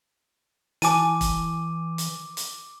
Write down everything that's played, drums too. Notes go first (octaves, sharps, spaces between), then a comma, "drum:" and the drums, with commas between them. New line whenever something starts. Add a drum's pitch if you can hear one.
E3 E4 G#5 A5 D6 D#7, drum: hi-hat
drum: kick E1, hi-hat
drum: hi-hat
drum: hi-hat